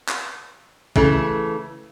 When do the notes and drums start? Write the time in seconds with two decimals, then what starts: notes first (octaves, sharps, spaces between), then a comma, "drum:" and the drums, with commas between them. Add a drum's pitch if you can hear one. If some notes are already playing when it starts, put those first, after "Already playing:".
0.09 drum: clap
0.96 C#3 E3 A3, drum: kick